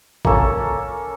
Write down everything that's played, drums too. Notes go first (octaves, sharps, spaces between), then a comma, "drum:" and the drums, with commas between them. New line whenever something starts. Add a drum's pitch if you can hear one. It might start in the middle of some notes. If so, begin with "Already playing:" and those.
A#3 C#4 A4, drum: kick G#1